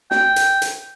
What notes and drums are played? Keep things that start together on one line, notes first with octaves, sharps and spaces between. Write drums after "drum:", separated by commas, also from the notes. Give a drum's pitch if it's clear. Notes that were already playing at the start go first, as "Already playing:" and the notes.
G5, drum: snare
drum: hi-hat
drum: hi-hat